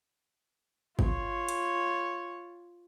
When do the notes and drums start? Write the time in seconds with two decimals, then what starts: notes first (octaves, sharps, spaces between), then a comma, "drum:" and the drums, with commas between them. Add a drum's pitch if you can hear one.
0.99 F4 C#5, drum: kick
1.49 drum: hi-hat